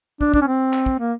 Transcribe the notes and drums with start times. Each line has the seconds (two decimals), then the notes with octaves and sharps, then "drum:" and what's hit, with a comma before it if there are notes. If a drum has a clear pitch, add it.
0.21 D4, drum: kick
0.34 D4, drum: kick
0.42 C#4
0.47 C4
0.73 drum: clap
0.86 drum: kick
1.00 A#3